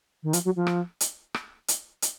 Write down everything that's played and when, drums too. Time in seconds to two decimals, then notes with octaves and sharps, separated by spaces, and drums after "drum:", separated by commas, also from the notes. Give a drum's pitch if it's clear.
0.23 D#3
0.33 F3, drum: hi-hat
0.45 F#3
0.56 F3
0.67 drum: rim click
1.01 drum: hi-hat
1.34 drum: rim click
1.68 drum: hi-hat
2.02 drum: hi-hat